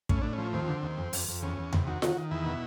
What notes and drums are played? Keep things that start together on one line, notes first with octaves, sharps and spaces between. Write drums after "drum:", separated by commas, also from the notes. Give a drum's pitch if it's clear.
A2 C#4, drum: kick
A2 D4
C#4
F3
D#2 C4
D3
D#2
F2
F2, drum: open hi-hat
F2
E2 C#4
E2
C3, drum: tom E2
D#3 F#4
D#3, drum: snare F4
D#3
E2 E4
B2